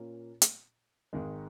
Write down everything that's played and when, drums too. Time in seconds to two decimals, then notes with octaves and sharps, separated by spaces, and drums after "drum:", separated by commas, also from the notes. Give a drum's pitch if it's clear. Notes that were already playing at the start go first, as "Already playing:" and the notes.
Already playing: A#2 A#3 C#4 F4
0.42 drum: hi-hat
1.13 G#1 G#2 D#3 G#3